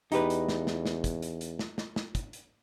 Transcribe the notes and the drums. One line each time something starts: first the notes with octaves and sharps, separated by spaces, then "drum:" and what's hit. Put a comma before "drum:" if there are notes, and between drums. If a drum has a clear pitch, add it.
E2 D#4 G4 B4, drum: hi-hat
drum: hi-hat
drum: snare
drum: snare
drum: snare
drum: kick, hi-hat
drum: hi-hat
drum: hi-hat
drum: snare
drum: snare
drum: snare
drum: kick, hi-hat
drum: hi-hat